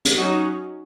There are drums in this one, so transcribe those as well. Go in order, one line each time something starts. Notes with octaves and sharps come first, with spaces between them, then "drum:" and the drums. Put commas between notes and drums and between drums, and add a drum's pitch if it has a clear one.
drum: hi-hat
F#3 C#4 D#4 F#4